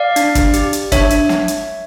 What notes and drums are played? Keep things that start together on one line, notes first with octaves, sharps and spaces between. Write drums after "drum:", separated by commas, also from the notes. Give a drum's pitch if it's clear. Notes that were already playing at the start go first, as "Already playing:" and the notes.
Already playing: D5 F5
D4, drum: hi-hat
drum: kick, hi-hat
G4, drum: hi-hat
drum: hi-hat
D4 C#5 E5, drum: kick, hi-hat
drum: hi-hat
drum: snare
drum: hi-hat